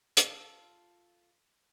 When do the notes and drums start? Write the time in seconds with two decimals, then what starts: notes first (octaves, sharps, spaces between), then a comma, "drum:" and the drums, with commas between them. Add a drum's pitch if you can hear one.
0.17 F4 A4, drum: hi-hat